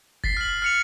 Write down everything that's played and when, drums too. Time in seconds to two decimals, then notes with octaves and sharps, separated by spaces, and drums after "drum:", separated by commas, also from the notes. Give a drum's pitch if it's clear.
0.24 A6 B6 C7, drum: kick F1
0.37 F6 F#7
0.62 F6 C#7 F7